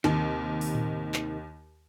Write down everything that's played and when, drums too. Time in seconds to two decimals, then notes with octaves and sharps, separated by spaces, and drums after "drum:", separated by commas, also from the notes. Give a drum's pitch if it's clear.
0.04 D#2 C3 D#3, drum: snare
0.61 drum: open hi-hat
0.75 drum: tom A2
1.14 drum: clap